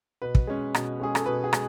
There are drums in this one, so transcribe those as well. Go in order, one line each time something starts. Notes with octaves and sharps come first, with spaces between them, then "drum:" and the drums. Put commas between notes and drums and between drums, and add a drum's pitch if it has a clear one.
B2 B4
drum: kick
G#3 C#4
B2, drum: rim click
G#3 C#4 G#4
A4, drum: rim click
B2 B4
G#4
G#3, drum: rim click